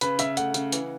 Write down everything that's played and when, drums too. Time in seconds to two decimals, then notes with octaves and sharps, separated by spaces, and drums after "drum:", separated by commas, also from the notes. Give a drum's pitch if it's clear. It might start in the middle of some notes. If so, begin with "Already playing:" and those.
0.01 C#3 B4, drum: hi-hat
0.19 C#3 E5, drum: hi-hat
0.37 A3 F#5, drum: hi-hat
0.54 C#3, drum: hi-hat
0.72 E3, drum: hi-hat